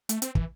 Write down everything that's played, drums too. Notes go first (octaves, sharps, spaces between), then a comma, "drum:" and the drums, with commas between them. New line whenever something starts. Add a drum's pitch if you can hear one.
A3, drum: hi-hat
C4, drum: hi-hat
E3, drum: kick